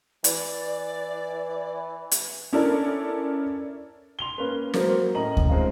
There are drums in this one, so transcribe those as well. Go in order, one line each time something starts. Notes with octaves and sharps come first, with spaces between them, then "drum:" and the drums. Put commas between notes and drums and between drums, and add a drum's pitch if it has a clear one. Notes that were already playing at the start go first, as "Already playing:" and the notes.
E3 D5, drum: hi-hat
drum: hi-hat
C#4 D4 E4 A4 A#4 D5
C6 F7 G7
A#3 C#4 B4
F#3 A#3 A#4 C5, drum: snare
A2 C#4 D#5 A#5 F#7
drum: kick D2
G#3 C4 C#4 D#4 F4